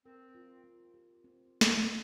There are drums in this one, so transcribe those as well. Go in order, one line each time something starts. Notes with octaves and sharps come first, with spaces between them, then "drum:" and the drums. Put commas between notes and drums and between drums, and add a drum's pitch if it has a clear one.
C4 A#4
F4
C4
G4
C4
drum: snare